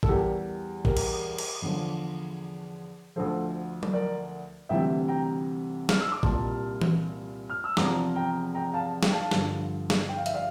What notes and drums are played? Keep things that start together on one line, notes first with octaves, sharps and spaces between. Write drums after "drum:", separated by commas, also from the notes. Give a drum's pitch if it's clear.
A4, drum: kick
E2 E3 G3 G4 A#4
G4 A#4, drum: kick
drum: cymbal
drum: cymbal
E2 D3 F3
D2 D3 F3 A4 C5
drum: tom F#3
A#4 D5
D2 C3 E3 G3 E5 G5
G5 A#5
F6, drum: snare
E6
D6
C2 A#2 G3 A5 C6, drum: kick
drum: tom E3
F6
E6
E2 C3 F3 A#5 D6, drum: snare
G5 A#5
G5 A#5
F5 A5
G5, drum: snare
F5 A5
G2 D3 F3, drum: snare
drum: snare
G5
F5
E5, drum: hi-hat
D5 F5